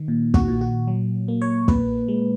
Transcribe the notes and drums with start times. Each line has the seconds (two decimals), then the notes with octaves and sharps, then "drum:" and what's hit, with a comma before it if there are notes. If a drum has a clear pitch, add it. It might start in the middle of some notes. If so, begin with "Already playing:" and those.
Already playing: D#3
0.08 A#2
0.34 F#4, drum: kick
0.48 A#2
0.61 F#4
0.88 F#3
1.28 A#3
1.42 C#5
1.68 A#2 B4, drum: kick
2.08 G#3